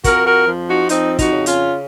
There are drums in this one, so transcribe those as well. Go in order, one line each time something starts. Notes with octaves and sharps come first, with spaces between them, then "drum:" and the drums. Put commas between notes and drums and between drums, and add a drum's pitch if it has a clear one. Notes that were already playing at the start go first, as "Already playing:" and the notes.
F2 F#4 A#4, drum: kick, hi-hat
F#4 A#4
F3
D#4 F#4
F2 C4 D#4, drum: hi-hat
D#4 F#4, drum: kick, hi-hat
C#3
C#4 F4, drum: hi-hat